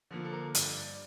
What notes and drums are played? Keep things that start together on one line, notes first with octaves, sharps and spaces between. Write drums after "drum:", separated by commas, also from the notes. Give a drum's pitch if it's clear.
D3 F3 A#3
A4
A#4
G2 D5, drum: hi-hat
D5